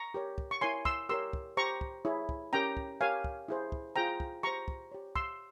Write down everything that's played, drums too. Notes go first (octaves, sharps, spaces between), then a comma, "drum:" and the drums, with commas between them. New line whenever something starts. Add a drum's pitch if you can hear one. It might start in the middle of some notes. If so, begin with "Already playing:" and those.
Already playing: A#5 C#6
G4 A#4 C#5
drum: kick
C#6
E4 A#4 C#5 G#5 C6
C6 E6, drum: kick
G4 A#4 C#5 C6 E6
drum: kick
G4 C5 A#5 C#6
drum: kick
E4 G#4 C#5
drum: kick
C#4 G4 A#4 C#5 G5 A#5
drum: kick
G4 A#4 C#5 F5 G#5
drum: kick
E4 G#4 C5
drum: kick
F4 G#4 C5 G5 A#5
drum: kick
G4 C5 A#5 C#6
drum: kick
G4 C#5
C6 E6, drum: kick